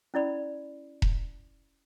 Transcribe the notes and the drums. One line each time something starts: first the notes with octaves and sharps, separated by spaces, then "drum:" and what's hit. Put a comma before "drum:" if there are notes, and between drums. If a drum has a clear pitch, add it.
C#4 E4 D5 B5
drum: kick E1